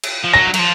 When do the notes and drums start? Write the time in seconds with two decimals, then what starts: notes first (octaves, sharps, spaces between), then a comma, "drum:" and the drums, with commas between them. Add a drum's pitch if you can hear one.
0.03 drum: cymbal
0.24 F3
0.33 F#3 A#6
0.54 F#3, drum: cymbal
0.59 F3